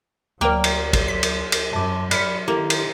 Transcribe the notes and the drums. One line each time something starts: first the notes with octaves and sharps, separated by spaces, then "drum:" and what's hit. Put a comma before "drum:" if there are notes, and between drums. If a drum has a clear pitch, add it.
D2 F#3 A#3 A#4 D5 G5
drum: cymbal
drum: kick, cymbal
B6
drum: cymbal
drum: cymbal
F#2 A5 D6
F#3 D5 B5 F6 B6 C#7, drum: cymbal
D#3 A#3 E4 G4 A4
drum: cymbal